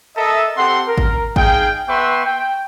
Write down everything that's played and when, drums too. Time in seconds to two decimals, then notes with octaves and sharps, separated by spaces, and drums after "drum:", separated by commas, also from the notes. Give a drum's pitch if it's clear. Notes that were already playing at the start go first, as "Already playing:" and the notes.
0.16 A4 A#4 D#5 E5
0.57 C4 G4 A4 F#5 C6
0.88 A#4
0.98 drum: kick G#1
1.36 D#4 G#4 F5 G5, drum: kick G#1
1.88 B3 B4 E5 G5 C6 C#6
2.26 G5